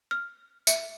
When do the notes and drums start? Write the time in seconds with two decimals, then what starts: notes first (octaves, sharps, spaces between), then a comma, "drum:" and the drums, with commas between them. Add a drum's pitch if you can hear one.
0.11 F6
0.67 E5 C#7, drum: tambourine